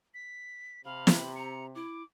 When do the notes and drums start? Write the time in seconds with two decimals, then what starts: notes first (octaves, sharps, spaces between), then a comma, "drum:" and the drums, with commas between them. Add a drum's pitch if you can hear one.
0.14 B6
0.85 C3 F5 B5
1.07 drum: snare
1.36 A#5 C#7
1.75 E4 D6